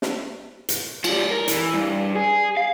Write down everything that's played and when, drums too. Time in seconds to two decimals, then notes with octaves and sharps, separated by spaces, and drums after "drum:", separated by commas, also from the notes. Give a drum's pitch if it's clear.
0.02 drum: snare
0.69 drum: hi-hat
1.04 F3 G3, drum: cymbal
1.31 A#4
1.48 E3, drum: hi-hat
1.74 G2
2.15 G#4
2.57 F5